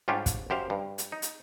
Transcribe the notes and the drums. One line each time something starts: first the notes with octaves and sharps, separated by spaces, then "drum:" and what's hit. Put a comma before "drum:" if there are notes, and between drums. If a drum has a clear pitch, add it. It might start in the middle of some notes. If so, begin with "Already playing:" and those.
G#2 G3 C#4 D4 F4 G4
drum: kick, hi-hat
F#2 G4 C5 F5
G2
drum: hi-hat
D#4
drum: hi-hat